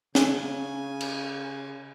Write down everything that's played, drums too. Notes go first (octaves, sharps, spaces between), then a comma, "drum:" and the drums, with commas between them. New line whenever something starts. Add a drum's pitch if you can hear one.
C#3 G#5, drum: snare
drum: cymbal